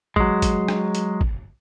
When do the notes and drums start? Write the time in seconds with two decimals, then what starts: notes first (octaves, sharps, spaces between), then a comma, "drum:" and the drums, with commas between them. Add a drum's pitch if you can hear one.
0.16 F#3 G#3, drum: kick
0.42 drum: kick, hi-hat
0.68 drum: rim click
0.95 drum: hi-hat
1.21 drum: kick